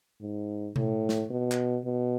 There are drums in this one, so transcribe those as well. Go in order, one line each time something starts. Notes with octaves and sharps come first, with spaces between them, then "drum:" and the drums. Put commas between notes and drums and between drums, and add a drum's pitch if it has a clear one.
G#2
A2, drum: tom B2
drum: snare
B2
drum: clap
B2